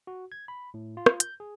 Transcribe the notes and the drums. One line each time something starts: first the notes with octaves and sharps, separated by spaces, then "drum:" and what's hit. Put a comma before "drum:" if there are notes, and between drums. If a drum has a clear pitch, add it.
F#4
G#6
B5
A2
F4
drum: rim click
G6, drum: hi-hat
G#4